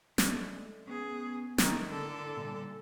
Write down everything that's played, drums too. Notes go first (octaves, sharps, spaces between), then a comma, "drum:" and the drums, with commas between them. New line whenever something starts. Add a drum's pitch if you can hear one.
G#3 A3 D5, drum: snare
B3 C#4 G#4
D#3 E4 A#4, drum: snare
D3 A4
A#2 F#3 G3